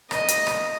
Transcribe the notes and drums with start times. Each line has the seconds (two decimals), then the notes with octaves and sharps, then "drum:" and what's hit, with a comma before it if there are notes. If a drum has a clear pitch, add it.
0.11 D#5, drum: rim click
0.28 drum: hi-hat
0.47 drum: rim click